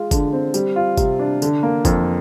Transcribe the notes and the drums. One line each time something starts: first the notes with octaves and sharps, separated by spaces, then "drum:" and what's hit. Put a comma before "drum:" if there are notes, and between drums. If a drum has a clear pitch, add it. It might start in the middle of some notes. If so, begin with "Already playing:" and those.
Already playing: G#3 F4
D3, drum: kick, tambourine
C4
G3, drum: tambourine
F4
C3, drum: kick, tambourine
D4
D3, drum: tambourine
A#3
F2, drum: kick, tambourine